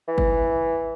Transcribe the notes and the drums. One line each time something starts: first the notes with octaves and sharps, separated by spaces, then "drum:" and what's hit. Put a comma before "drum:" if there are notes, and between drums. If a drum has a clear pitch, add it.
E3
drum: kick G1